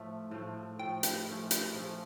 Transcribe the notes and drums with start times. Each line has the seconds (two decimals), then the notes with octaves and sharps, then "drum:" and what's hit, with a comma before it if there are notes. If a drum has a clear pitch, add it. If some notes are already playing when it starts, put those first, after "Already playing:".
Already playing: A2 F3 A3 E5
0.31 A2 F3 A3
0.79 A2 F3 A3 G5
1.03 drum: hi-hat
1.27 F3 A3 C#4
1.51 drum: hi-hat
1.74 F3 A3 C#4